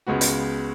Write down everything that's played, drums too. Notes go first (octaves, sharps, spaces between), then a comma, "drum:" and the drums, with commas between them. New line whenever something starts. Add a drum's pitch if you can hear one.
C#2 C#3 G#3 B3 F#4
drum: hi-hat